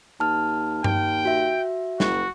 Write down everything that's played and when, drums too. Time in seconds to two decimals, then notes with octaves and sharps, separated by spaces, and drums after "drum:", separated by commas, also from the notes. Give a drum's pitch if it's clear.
0.20 D#2 A5 F6
0.84 D#2 G5, drum: tom G2
1.25 F#4 E5
2.00 F#1 F#4, drum: snare